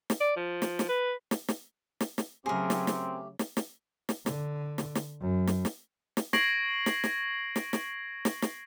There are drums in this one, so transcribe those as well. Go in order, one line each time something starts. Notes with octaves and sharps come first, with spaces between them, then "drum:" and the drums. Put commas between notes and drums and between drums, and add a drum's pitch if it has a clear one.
drum: snare
D5
F3
drum: snare
drum: snare
B4
drum: snare
drum: snare
drum: snare
drum: snare
C#3 F#3 A3 C4 G4 G#4 A#4
drum: snare
drum: snare
drum: snare
drum: snare
drum: snare
D3, drum: snare
drum: snare
drum: snare
F#2
drum: snare
drum: snare
drum: snare
C#6 G#6 A#6 C7 D7 F#7, drum: snare
drum: snare
drum: snare
drum: snare
drum: snare
drum: snare
drum: snare